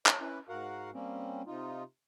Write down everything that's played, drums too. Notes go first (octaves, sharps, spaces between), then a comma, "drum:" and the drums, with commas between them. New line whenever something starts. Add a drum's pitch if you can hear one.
C#5, drum: clap
C#4 E4 B4
G#2 F#4 A#4 F5 F#5
G3 A#3 C4 C#4
C3 D#4 F4